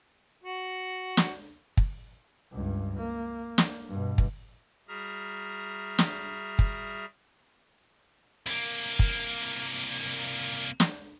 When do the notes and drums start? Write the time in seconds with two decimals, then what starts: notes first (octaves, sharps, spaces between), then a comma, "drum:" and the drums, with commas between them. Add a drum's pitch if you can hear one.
0.44 F#4
1.17 drum: snare
1.77 drum: kick
2.52 C#2 G2
2.98 A#3
3.58 drum: snare
3.88 G2 B2
4.18 drum: kick
4.88 G3 F#4 G#4 E5 A#5 F6
5.99 drum: snare
6.59 drum: kick
8.46 C2 A#3
8.99 drum: kick
10.80 drum: snare